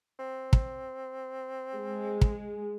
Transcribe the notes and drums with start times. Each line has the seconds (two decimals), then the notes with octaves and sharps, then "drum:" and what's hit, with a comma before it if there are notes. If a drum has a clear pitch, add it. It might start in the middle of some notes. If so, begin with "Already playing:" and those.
0.19 C4
0.53 drum: kick
1.75 G#3
2.21 drum: kick